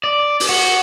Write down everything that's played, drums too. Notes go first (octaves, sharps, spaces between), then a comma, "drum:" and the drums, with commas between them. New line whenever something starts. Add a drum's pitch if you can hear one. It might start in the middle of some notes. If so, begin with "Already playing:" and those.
D5
drum: open hi-hat
F#4